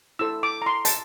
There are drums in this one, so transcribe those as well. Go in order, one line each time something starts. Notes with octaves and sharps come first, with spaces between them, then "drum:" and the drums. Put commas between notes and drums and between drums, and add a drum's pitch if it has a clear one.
E4 A4 C5 E6
D6
A#5
C6
A5, drum: hi-hat